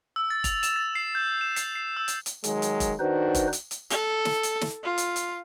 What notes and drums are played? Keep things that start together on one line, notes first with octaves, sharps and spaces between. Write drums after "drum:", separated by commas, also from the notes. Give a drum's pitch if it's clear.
E6
A6
F7, drum: kick, hi-hat
E7, drum: hi-hat
A6
C7
G6
E7
C7, drum: hi-hat
C7
E6
drum: hi-hat
drum: hi-hat
D#3 F#3 G#3, drum: hi-hat
drum: hi-hat
drum: kick, hi-hat
D#3 D4 D#4 F#4 B4 C5
drum: kick, hi-hat
drum: hi-hat
drum: hi-hat
A4, drum: hi-hat
drum: snare
drum: hi-hat
drum: snare
F4
drum: hi-hat
drum: hi-hat